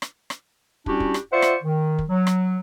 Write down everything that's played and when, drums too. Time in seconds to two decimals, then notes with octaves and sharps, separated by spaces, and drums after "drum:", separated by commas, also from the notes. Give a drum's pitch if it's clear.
0.02 drum: rim click
0.30 drum: rim click
0.86 G3 C#4 D4 E4 F#4 G4, drum: kick
1.00 drum: kick
1.14 drum: rim click
1.32 F4 C5 D5 E5 F#5 C#6
1.42 drum: rim click
1.63 D#3
1.99 drum: kick
2.09 F#3
2.27 drum: rim click